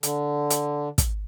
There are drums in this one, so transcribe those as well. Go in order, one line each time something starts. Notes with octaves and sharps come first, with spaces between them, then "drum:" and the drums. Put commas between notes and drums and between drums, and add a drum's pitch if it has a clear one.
D3, drum: hi-hat
drum: hi-hat
drum: kick, hi-hat